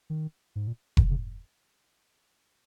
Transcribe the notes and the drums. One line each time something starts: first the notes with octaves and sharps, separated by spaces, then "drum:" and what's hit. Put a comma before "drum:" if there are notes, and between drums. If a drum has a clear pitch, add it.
D#3
G#2
A#2
D#3, drum: kick F1
C#3